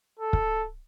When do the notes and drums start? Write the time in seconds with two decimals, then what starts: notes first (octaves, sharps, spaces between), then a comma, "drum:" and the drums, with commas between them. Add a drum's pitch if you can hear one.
0.19 A4
0.33 drum: kick